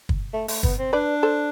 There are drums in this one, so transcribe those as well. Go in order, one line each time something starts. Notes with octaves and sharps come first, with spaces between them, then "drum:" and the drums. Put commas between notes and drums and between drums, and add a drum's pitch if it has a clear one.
drum: kick
A3
A3, drum: open hi-hat
B3, drum: kick
C4
D4 B4 D5
A4 C5